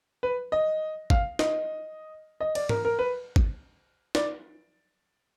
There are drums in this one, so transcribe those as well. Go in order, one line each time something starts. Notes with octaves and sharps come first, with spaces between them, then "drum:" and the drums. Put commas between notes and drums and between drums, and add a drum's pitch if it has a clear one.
B4
D#5
F5, drum: kick
D#5, drum: snare
D#5
D5, drum: cymbal
A#4, drum: tom G#2
A#4
B4
drum: kick
D5, drum: snare